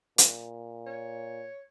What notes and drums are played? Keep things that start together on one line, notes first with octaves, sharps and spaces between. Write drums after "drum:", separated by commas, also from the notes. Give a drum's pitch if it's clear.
A#2, drum: hi-hat
C#5